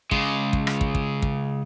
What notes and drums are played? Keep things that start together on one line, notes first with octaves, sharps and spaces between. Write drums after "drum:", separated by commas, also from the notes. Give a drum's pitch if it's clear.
C#3 G#3, drum: kick
drum: kick
drum: rim click
drum: kick
drum: kick
drum: kick